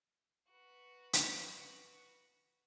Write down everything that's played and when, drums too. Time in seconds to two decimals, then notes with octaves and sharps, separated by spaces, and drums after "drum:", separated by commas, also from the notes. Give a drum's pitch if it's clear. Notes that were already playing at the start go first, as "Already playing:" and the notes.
0.51 F#4 B4
1.13 drum: hi-hat